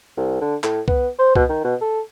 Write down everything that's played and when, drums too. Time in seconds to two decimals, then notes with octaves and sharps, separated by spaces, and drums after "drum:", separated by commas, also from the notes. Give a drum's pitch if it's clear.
0.17 C2
0.41 D3
0.63 A2, drum: clap
0.88 B3, drum: kick C2
1.19 C5
1.36 B2, drum: kick C2
1.49 D#3
1.64 B2
1.81 A4